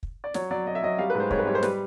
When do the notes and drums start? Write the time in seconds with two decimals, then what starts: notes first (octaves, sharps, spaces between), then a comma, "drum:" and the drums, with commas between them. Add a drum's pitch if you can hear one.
0.03 drum: kick
0.24 D5
0.34 F#3 C#5, drum: snare
0.51 F#3 D5
0.67 F#3 D#5
0.75 E5
0.83 F#3 D#5
0.99 G3 F5
1.10 B4
1.15 G#2
1.20 C5
1.31 G#2 C#5, drum: kick
1.39 B4
1.47 G3 C#5
1.55 C5
1.63 G3 B4, drum: snare